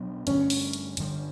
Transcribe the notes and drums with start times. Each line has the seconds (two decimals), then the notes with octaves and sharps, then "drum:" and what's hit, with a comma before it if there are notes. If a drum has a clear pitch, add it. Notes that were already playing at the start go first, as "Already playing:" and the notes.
Already playing: B2 F#3 B3 D4
0.27 G2 D3 A3 C#4, drum: hi-hat
0.50 drum: open hi-hat
0.73 drum: hi-hat
0.97 G2 D3 G3, drum: hi-hat